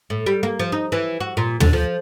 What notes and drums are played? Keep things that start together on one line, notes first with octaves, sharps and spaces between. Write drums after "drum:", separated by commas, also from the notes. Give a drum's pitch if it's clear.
A2
G3
A#3
F3
D#4
E3
F#4
A#2
D3, drum: tom
F3